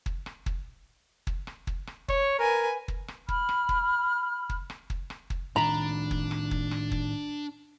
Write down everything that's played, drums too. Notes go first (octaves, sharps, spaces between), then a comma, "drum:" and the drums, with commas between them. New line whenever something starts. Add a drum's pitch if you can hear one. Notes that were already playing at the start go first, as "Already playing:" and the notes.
drum: kick
drum: rim click
drum: kick
drum: kick
drum: rim click
drum: kick
drum: rim click
C#5, drum: kick
A#4 B4 G#5
drum: kick
drum: rim click
B5 F6, drum: kick
drum: rim click
drum: kick
drum: kick
drum: rim click
drum: kick
drum: rim click
drum: kick
A2 D#3 D4 A#5 B5
drum: kick
drum: rim click
drum: kick
drum: rim click
drum: kick